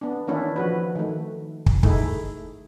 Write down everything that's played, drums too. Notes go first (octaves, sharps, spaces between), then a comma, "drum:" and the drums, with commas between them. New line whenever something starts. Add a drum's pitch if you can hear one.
B3 D4
D#3 E3 A#3 C#4 D4 E4
F3 F#4 B4
D#3 A3
drum: kick
A3 D#4 E4 G#4, drum: kick